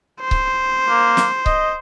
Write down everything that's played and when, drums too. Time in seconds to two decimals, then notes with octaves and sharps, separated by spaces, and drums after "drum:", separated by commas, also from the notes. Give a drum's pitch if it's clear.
0.21 C5
0.31 drum: kick C#1
0.88 A#3
1.17 drum: snare
1.46 D#5, drum: kick C#1